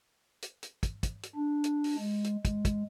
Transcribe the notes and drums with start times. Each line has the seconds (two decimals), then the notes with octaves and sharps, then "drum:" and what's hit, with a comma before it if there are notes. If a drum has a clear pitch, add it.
0.42 drum: hi-hat
0.63 drum: hi-hat
0.83 drum: kick, hi-hat
1.03 drum: kick, hi-hat
1.23 drum: hi-hat
1.36 D4
1.64 drum: hi-hat
1.84 drum: open hi-hat
1.97 G#3
2.24 drum: hi-hat
2.45 G#3, drum: kick, hi-hat
2.65 drum: kick, hi-hat